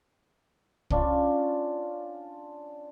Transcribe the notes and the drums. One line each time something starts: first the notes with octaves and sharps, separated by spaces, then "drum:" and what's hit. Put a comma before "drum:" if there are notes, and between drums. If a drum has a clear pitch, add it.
C#4 D4 F4, drum: kick